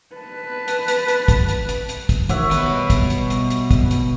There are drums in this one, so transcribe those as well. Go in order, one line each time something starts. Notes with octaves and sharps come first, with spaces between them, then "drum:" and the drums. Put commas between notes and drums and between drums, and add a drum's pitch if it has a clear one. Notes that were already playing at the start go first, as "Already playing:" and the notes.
B4 A5
drum: hi-hat
drum: hi-hat
drum: hi-hat
drum: kick, hi-hat
drum: hi-hat
drum: hi-hat
drum: hi-hat
drum: kick, hi-hat
D#3 F#4 C#5 E5, drum: hi-hat
B2 G3 B4, drum: hi-hat
drum: kick, hi-hat
drum: hi-hat
drum: hi-hat
drum: hi-hat
drum: kick, hi-hat
drum: hi-hat